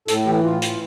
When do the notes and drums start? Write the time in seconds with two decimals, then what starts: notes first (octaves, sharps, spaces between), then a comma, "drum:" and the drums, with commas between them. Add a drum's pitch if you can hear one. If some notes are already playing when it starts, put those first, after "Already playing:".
0.08 A2 A4, drum: hi-hat
0.26 E3 G4
0.43 A2 F4
0.62 E3, drum: hi-hat